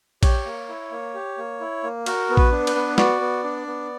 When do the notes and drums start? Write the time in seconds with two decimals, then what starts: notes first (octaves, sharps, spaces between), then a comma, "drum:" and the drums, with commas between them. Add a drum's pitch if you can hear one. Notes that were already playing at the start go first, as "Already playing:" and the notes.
0.23 G4 C#5, drum: kick A#1, cymbal
0.46 A#3
0.69 E4
0.91 A#3
1.14 G4
1.38 A#3
1.60 E4
1.83 A#3
2.06 F#4 A#4, drum: cymbal
2.30 B3
2.37 B4, drum: kick A#1
2.52 D4
2.67 B4, drum: cymbal
2.75 B3
2.98 F#4 D5, drum: snare
3.20 B3
3.44 D4
3.67 B3